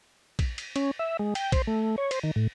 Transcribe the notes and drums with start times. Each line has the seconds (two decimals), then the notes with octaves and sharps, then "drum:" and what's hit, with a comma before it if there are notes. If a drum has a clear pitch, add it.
0.39 drum: kick A#1, cymbal
0.58 drum: cymbal
0.76 C#4, drum: cymbal
0.99 E5
1.19 G#3
1.35 G5, drum: cymbal
1.52 C5, drum: kick A#1, cymbal
1.67 A3
1.98 C#5
2.11 C5, drum: cymbal
2.24 D#3
2.36 A2